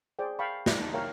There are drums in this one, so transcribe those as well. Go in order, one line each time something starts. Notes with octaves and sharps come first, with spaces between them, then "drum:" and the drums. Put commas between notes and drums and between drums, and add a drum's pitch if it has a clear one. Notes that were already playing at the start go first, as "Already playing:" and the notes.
G#4 C5 D5 G5
F5 G5 A5 B5 C#6
D5, drum: snare
D#4 A5
A#4 C#5 E5 F5 G5